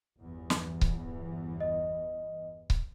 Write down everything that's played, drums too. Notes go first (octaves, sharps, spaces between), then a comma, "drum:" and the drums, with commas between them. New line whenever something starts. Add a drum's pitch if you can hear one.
G1 E2 E3
drum: snare
drum: kick C#1
D#5
drum: kick C#1